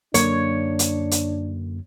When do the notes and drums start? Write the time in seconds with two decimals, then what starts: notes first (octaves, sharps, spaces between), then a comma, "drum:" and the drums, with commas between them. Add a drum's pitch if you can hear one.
0.14 F#2 D3 F#3 A#3 D4 C#5, drum: hi-hat
0.79 drum: hi-hat
1.11 drum: hi-hat